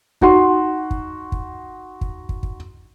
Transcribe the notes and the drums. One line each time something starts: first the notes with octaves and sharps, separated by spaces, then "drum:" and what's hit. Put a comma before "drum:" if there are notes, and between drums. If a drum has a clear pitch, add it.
D#4 F#4 C6, drum: kick
drum: kick
drum: kick
drum: kick
drum: kick
drum: kick